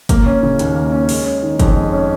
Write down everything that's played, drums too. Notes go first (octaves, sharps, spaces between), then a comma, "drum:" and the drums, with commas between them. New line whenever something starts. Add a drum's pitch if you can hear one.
A#3, drum: kick, hi-hat
C#4
C#3
D#2, drum: hi-hat
A#3
C#4
G#3, drum: open hi-hat
C#4
D#3
F2, drum: kick, hi-hat
G#3
C#4